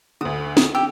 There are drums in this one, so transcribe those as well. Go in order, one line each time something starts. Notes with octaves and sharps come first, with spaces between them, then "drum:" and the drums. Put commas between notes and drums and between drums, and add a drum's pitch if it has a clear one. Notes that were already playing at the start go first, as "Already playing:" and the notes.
D2 D3 D#6
D#6, drum: snare
G4 E6